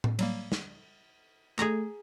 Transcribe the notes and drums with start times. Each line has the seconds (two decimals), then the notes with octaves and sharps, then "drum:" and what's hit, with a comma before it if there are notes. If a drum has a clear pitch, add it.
0.04 drum: tom A2
0.19 F#3 G3 A#3, drum: cymbal
0.52 drum: snare
1.59 A3 G#4 A#5, drum: clap